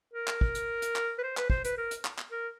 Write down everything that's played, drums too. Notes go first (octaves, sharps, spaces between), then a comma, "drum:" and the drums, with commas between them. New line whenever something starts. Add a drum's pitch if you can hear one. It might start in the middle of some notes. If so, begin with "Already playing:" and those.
A#4
drum: clap
drum: kick
drum: hi-hat
drum: hi-hat
drum: clap
B4
C5
B4, drum: clap
C5, drum: kick
B4, drum: hi-hat
A#4
drum: hi-hat
drum: clap
drum: clap
A#4